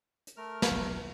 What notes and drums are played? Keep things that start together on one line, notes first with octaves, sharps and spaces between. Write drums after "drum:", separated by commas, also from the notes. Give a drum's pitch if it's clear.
drum: hi-hat
A3 A#4 F6
drum: snare
E1 B1